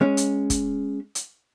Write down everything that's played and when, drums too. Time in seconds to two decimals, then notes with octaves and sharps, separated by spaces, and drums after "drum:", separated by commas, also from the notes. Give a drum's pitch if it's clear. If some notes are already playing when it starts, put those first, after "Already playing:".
0.01 G#3 C#4
0.17 drum: hi-hat
0.50 drum: kick, hi-hat
1.15 drum: hi-hat